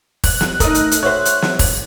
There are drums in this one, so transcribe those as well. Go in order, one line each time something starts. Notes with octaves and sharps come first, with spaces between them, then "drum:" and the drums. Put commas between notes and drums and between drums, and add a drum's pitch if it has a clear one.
F#6, drum: kick, open hi-hat
drum: snare
A3 D#4 A#4 D#6, drum: kick, hi-hat
drum: hi-hat
drum: hi-hat
F#4 C5 C#5 E5
drum: hi-hat
drum: snare
drum: kick, open hi-hat